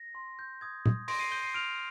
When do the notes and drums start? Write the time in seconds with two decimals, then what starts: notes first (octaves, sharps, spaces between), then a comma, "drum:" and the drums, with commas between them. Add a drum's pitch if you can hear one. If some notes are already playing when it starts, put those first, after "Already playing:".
Already playing: A#6
0.15 C6
0.39 G6
0.61 D#6 G#6
0.86 D#6, drum: tom
1.08 C6 A#6 D7, drum: open hi-hat
1.19 C7 D#7
1.32 G6 D#7 G7
1.43 C7 D#7
1.54 F6 D7 F7